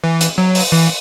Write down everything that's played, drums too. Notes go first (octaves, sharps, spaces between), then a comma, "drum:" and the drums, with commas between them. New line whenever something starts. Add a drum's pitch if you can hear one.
E3
drum: hi-hat
F#3
drum: open hi-hat
E3